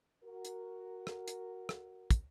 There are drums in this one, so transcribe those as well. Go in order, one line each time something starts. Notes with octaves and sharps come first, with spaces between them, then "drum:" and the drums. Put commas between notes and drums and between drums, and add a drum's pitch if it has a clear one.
F#4 A#4
drum: hi-hat
drum: rim click
drum: hi-hat
drum: rim click
drum: kick, hi-hat